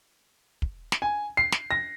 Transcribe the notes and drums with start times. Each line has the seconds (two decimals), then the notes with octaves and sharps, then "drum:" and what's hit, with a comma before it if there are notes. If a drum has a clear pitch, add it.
0.62 drum: kick
0.92 drum: snare
1.02 G#5
1.37 C7
1.52 drum: snare
1.71 A#6